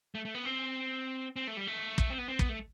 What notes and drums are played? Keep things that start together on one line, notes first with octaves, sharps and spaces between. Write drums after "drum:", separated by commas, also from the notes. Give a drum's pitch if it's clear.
A3
A3
B3
C4
C4
A3
G3
A3
drum: kick
C4
B3
C4
B3, drum: kick
A3